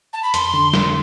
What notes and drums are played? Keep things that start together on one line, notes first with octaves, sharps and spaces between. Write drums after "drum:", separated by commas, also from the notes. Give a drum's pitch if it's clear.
A5
B5
F2 C6, drum: hi-hat
D3
D3, drum: snare